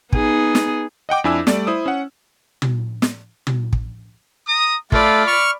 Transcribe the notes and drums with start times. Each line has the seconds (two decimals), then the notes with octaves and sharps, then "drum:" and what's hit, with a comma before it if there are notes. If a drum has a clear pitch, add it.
0.13 B3 D#4 G#4, drum: kick
0.55 drum: snare
1.09 D#5 F#5 G5 D6
1.24 F2 D4 E4 G#5 D6 E6
1.47 G3 A3 D5, drum: snare
1.67 E4 C5 D#6
1.86 C#4 F#5
2.62 drum: tom
3.02 drum: snare
3.47 drum: tom
3.73 drum: kick
4.47 A#5 D#6
4.92 A3 F4 D5 B5, drum: kick
5.27 C#6 F6